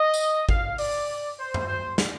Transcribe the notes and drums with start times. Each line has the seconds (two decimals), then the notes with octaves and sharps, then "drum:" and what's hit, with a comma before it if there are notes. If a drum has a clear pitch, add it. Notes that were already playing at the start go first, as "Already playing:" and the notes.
Already playing: D#5
0.14 drum: tambourine
0.49 F5, drum: kick G#1
0.78 D5, drum: open hi-hat
1.39 C5
1.54 drum: tom F#2
1.68 C5
1.98 drum: snare